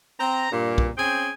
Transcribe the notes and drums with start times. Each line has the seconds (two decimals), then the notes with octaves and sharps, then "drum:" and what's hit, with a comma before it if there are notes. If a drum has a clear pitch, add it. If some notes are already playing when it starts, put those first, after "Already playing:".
0.20 C4 A#5
0.52 G2 A#2
0.78 drum: kick
0.97 C4 C#4 G#4 G5 G#5